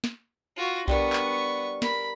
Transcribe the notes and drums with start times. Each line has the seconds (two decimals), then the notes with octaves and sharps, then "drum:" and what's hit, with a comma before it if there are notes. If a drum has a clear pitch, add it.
0.04 drum: snare
0.57 F4 F#4
0.88 G3 B3 D4 A#4 C#6, drum: kick B1
1.13 drum: clap
1.82 A#4 B5, drum: snare